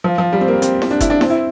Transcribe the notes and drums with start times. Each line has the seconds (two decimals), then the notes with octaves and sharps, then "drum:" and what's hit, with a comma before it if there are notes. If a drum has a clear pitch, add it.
0.04 F3
0.18 F3
0.33 G3
0.41 C4
0.48 A#3
0.62 C4, drum: hi-hat
0.82 drum: snare E4
0.91 D4
1.00 E4, drum: kick F#1, hi-hat
1.10 D4
1.21 C4, drum: snare E4
1.30 E4